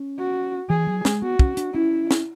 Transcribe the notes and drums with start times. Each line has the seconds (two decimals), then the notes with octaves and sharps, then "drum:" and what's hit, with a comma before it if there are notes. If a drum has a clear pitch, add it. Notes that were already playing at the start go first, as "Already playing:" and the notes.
Already playing: C#4
0.18 F#4
0.69 E3 G#4
0.87 F#3
1.05 G#3, drum: snare
1.22 B3 F#4
1.39 C#4, drum: kick
1.57 D4, drum: hi-hat
1.73 C#4 E4
2.11 drum: snare